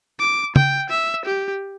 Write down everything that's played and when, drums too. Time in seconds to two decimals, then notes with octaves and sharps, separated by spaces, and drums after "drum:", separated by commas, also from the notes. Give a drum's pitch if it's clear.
0.20 D6
0.56 G5, drum: tom
0.90 E5
1.25 G4